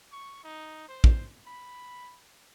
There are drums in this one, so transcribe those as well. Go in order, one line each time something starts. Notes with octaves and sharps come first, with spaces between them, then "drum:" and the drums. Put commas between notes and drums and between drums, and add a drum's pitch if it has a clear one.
C#6
D#4
C5
drum: kick
B5